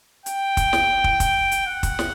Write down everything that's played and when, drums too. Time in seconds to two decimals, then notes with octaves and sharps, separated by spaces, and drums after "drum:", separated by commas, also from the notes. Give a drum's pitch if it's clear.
0.26 G5, drum: hi-hat
0.57 drum: kick, hi-hat
0.73 drum: snare
1.04 drum: kick
1.20 drum: kick, hi-hat
1.51 drum: hi-hat
1.67 F#5
1.83 drum: kick, hi-hat
1.99 drum: snare